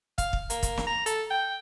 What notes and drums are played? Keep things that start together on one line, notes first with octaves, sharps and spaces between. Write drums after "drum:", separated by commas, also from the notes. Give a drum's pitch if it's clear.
F5, drum: kick, hi-hat
drum: kick
A#3, drum: hi-hat
drum: kick, hi-hat
drum: snare
A#5
A4, drum: hi-hat
G5